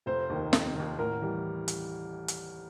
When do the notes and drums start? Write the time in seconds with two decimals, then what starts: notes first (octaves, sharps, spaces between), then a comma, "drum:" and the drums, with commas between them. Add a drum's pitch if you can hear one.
0.06 F1 C4 C5
0.30 D#2 D#3
0.53 F1, drum: snare
0.75 D#2 D#3
0.99 A1 A#4
1.22 E3 G3
1.68 drum: hi-hat
2.28 drum: hi-hat